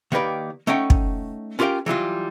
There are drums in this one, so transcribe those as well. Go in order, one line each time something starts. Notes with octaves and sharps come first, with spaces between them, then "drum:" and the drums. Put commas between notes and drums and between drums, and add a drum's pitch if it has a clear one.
D#3 A#3 G4 B4 D5
A3 C#4 D#4 F#5 G5
drum: kick
C#4 F4 G4 A#4 F5 G5
E3 F#3 G3 F4